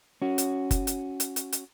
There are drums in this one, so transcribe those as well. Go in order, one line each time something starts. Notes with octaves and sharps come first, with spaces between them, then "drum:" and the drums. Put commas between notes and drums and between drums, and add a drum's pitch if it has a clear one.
C#4 F#4
drum: hi-hat
drum: kick F#1, hi-hat
drum: hi-hat
drum: hi-hat
drum: hi-hat
drum: hi-hat